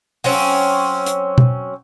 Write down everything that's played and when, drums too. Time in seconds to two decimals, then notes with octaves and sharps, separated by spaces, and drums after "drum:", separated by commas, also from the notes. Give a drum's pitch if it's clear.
0.24 F#3 C4 C#4, drum: open hi-hat
1.06 drum: hi-hat
1.38 drum: tom B2